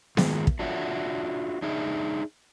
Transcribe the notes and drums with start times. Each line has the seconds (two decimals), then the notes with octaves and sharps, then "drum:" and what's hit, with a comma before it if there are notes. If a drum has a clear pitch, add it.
0.17 D#3 G#3 F4 G#4, drum: snare B3
0.47 drum: kick
0.59 D4 F4 F#4 C#5 E5
1.62 D4 D#4 G#4 E5